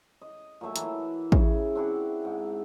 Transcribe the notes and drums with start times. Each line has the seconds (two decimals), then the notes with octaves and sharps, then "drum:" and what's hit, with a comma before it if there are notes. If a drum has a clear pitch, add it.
0.21 D#5
0.61 A#2 F#3 A3 E5
0.76 E3 A#5 C6, drum: hi-hat
1.32 C#3 E5, drum: kick A1
1.75 C4 D4 E4 F#4
2.22 G#2 G5